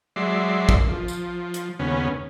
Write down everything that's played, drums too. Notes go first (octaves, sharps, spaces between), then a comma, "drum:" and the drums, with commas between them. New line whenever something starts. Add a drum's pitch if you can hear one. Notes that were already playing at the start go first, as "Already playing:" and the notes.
F#3 G#3 D5 E5 C6
drum: kick A1
F3
drum: tambourine
drum: hi-hat
D#2 C#3 B3 C#4